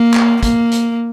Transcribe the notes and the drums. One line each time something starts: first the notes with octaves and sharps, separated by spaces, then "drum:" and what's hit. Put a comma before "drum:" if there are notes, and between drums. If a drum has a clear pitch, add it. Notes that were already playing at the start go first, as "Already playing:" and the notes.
Already playing: A#3
drum: clap
A#3, drum: kick, hi-hat
drum: hi-hat